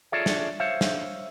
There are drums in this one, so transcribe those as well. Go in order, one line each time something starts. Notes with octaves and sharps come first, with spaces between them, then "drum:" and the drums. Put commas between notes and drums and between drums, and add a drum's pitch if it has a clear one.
F4 G#4 A4 C#5 D5 E5
drum: snare
C5 C#5 E5 F5
drum: snare